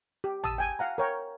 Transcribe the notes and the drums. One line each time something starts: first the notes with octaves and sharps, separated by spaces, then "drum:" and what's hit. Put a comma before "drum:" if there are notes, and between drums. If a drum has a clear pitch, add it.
G4
A5 D#6 E6, drum: tom G#1
G5 G#5
F5 F#5 A#5
A#4 C#5 G5